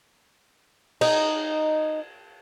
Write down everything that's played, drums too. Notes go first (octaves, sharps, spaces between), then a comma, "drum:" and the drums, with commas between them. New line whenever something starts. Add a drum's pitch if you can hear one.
D#4, drum: cymbal